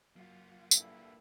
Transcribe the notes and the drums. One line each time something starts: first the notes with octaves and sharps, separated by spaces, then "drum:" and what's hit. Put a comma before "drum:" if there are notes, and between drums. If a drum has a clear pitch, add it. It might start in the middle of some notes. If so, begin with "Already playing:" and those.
F#3 A#3 F4 F#4
G2 A#2 E4 A4, drum: tambourine